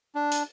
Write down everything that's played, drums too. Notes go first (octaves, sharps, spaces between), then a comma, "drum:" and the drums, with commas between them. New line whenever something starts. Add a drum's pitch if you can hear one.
D4
drum: hi-hat